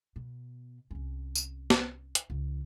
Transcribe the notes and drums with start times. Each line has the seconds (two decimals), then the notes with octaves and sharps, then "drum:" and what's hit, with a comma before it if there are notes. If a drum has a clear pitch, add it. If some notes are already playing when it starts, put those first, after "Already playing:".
0.16 B2
0.91 C2 C#4
1.35 drum: tambourine
1.70 drum: snare
2.15 drum: hi-hat
2.30 C#2 F3